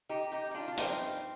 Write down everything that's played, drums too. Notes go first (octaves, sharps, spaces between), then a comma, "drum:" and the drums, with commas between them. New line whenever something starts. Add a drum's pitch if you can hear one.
D#4 G4
D#4 G4
D#4
D4 F4
F4
G2 F3 C4 D#4, drum: hi-hat